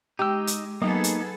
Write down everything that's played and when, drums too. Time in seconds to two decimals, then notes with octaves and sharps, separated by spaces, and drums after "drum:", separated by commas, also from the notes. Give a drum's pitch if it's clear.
0.19 G#3 D#4 G4 E6
0.47 drum: hi-hat
0.82 F#3 A#3 B3 D#4 G#4 A4
1.04 drum: hi-hat